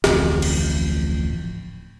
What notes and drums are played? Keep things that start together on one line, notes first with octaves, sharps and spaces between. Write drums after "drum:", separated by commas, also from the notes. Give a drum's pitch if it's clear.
D1 A1 F2, drum: snare
drum: cymbal